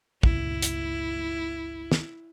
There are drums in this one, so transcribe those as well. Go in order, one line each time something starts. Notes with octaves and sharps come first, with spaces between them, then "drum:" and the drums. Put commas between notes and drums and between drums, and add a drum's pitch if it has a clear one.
G1 C#2 A#2 E4, drum: kick
drum: hi-hat
drum: snare